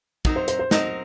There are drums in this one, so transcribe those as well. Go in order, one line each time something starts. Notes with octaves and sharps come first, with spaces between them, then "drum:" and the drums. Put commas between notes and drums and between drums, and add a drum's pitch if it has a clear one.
F#3 C4 D#4 A#4, drum: kick
C5
C5, drum: hi-hat
C5
F#3 C4 D#4 A#4 D#5, drum: snare